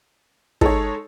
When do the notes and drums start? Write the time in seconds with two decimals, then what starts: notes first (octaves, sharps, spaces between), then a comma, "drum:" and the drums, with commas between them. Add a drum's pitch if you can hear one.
0.61 G#3 D#4 A4 C#5, drum: kick